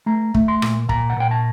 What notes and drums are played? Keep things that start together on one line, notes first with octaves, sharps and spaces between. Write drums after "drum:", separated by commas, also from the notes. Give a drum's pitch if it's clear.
A3 A#5
A3, drum: kick
C6
A#2, drum: rim click
A#2 A#5, drum: kick
F#5
A#2 G5
A5